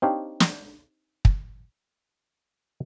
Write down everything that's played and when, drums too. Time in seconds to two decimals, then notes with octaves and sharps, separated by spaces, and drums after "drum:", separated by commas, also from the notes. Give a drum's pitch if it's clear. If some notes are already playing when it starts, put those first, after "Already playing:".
0.02 C4 D4 D#4 G4 C#5 F5
0.40 drum: snare
1.25 drum: kick